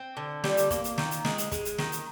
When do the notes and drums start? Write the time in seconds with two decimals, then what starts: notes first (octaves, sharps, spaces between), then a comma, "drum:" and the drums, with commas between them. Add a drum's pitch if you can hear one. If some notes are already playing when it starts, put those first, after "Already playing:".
Already playing: C4
0.17 D3
0.44 G3, drum: snare
0.57 drum: hi-hat
0.70 A#3, drum: kick, hi-hat
0.84 drum: hi-hat
0.98 D#3, drum: snare
1.11 drum: hi-hat
1.25 G#3, drum: snare
1.38 drum: hi-hat
1.52 G#3, drum: kick, hi-hat
1.65 drum: hi-hat
1.78 D#3, drum: snare
1.92 drum: hi-hat